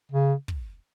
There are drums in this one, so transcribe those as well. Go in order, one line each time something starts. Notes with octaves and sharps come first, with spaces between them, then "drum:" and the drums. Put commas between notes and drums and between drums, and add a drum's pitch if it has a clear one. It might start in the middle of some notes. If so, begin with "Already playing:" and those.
C#3
drum: kick